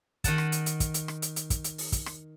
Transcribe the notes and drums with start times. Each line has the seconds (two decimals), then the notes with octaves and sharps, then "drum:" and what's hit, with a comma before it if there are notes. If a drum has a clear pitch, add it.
0.24 D#3 D#5 F#5 A5, drum: kick, hi-hat
0.38 drum: rim click
0.52 drum: hi-hat
0.66 drum: hi-hat
0.80 drum: kick, hi-hat
0.94 drum: hi-hat
1.08 drum: rim click
1.22 drum: hi-hat
1.36 drum: hi-hat
1.50 drum: kick, hi-hat
1.64 drum: hi-hat
1.78 drum: open hi-hat
1.92 drum: kick, hi-hat
2.06 drum: rim click